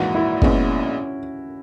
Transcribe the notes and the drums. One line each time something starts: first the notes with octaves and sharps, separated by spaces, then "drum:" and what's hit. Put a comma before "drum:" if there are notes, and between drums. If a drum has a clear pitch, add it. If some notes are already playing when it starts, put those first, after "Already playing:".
Already playing: A#1 G#2 E3 A#3 F#4
E4
A#1 A#2 G#3 B3 C#4, drum: kick